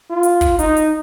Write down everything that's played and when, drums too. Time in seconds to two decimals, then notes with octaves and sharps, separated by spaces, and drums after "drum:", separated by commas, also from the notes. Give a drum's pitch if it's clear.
0.10 F4
0.23 drum: hi-hat
0.41 drum: kick, hi-hat
0.59 D#4, drum: hi-hat
0.77 drum: hi-hat